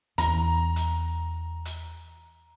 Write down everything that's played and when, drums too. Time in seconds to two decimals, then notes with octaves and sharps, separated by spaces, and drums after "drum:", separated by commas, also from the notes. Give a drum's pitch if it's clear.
0.18 E2 E3 A#5, drum: hi-hat
0.76 drum: hi-hat
1.65 drum: hi-hat